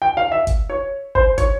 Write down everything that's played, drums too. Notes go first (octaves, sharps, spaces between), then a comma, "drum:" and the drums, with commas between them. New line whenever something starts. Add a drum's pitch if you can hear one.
G5
F5
E5
drum: kick, hi-hat
C#5
C5, drum: kick
C#5, drum: kick, hi-hat